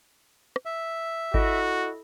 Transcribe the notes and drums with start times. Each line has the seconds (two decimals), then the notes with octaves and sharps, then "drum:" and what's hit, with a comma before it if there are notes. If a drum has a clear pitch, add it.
0.56 drum: rim click
0.65 E5
1.34 E4 F#4 A4 D#5, drum: kick G#1